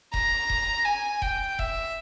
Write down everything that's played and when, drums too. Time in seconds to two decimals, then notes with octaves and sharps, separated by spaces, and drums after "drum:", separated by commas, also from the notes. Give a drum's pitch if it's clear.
0.14 A#5, drum: kick E1
0.50 drum: kick E1
0.85 G#5
1.22 G5, drum: kick E1
1.59 E5, drum: kick E1